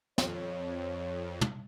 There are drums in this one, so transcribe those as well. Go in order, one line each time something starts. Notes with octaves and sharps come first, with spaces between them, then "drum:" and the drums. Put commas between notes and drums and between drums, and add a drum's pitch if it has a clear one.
F2 C#5, drum: snare
drum: tom